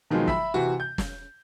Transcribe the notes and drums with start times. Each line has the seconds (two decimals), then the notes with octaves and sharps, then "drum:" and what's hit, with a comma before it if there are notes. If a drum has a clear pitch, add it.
0.10 B2 D#3 F3 F#3 G#3
0.28 E5 B5, drum: kick
0.54 C3 E3 F#4
0.80 G6
0.98 drum: snare